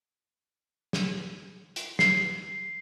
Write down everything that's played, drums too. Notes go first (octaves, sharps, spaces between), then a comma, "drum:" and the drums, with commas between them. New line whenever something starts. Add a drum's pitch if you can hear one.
drum: snare
drum: hi-hat
C7, drum: snare